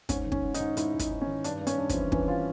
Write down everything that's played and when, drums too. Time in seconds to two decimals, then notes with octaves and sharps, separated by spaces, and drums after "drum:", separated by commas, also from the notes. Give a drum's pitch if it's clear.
0.09 G#2 C#4, drum: kick, hi-hat
0.26 D#3
0.32 C#4, drum: kick
0.44 D#3
0.54 D#4, drum: hi-hat
0.60 G#2
0.77 G#2 E4, drum: hi-hat
0.94 G#2
0.99 D#4, drum: kick, hi-hat
1.11 G#2
1.22 C#4
1.27 D#3
1.44 G2 D4, drum: hi-hat
1.61 G2
1.67 C#4, drum: hi-hat
1.78 G2
1.89 C4, drum: kick, hi-hat
1.94 E3
2.12 E3 C#4, drum: kick
2.28 F4